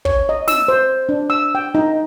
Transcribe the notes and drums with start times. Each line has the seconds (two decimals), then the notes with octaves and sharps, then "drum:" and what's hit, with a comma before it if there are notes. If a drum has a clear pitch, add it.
0.05 C#5, drum: kick
0.29 D#5
0.48 E6, drum: snare
0.68 C5
1.09 D4
1.30 E6
1.55 G5
1.75 D#4